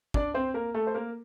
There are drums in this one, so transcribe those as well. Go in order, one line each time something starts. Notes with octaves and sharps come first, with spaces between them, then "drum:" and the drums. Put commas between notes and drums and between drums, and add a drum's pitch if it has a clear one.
D4 D5, drum: kick
C4 C5
A#3 A#4
A3 A4
C5
A#3 A#4